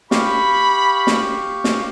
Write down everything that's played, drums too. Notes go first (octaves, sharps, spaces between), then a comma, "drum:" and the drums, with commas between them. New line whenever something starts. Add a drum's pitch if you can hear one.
G4 F5 B5 C#6, drum: snare
drum: snare
drum: snare